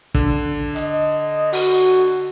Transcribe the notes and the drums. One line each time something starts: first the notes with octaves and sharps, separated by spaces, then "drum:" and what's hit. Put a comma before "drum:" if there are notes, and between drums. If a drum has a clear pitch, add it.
D3, drum: kick
D#5, drum: hi-hat
F#4, drum: open hi-hat